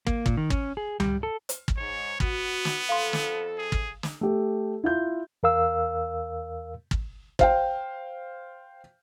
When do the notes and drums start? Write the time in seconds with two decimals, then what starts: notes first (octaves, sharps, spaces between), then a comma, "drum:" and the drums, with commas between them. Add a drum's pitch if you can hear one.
0.07 A#3, drum: kick
0.26 A#2, drum: kick
0.37 D#3
0.50 C#4, drum: kick
0.77 G#4
1.00 G3, drum: tom C#2
1.23 A4
1.49 drum: hi-hat
1.68 drum: kick
1.77 G#2 C#5
2.20 B3 F#4, drum: kick
2.65 drum: snare
2.89 F2 A4 F5 C6
3.13 drum: snare
3.58 G#4
3.72 drum: kick
4.03 drum: snare
4.21 A3 G4
4.84 E4 F4 G6
5.43 E2 A#4 F5 E6
6.91 drum: kick
7.39 C5 F5 G5, drum: kick